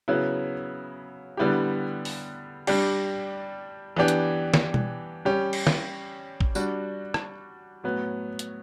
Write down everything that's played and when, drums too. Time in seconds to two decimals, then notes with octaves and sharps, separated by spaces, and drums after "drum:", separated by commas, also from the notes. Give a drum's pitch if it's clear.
0.08 C#3 F#3 B3 E4
1.37 D3 G3 B3 E4 G4
2.05 drum: open hi-hat
2.67 G3 D4 G4, drum: cymbal
3.97 E3 B3 D4 G4
4.08 drum: hi-hat
4.54 drum: snare
4.74 drum: tom B2
5.25 G3 C#4 G4
5.53 drum: cymbal
5.67 drum: snare
6.40 drum: kick
6.55 G3 D4 F#4, drum: tambourine
7.14 drum: rim click
7.84 A2 F#3 B3
8.39 drum: hi-hat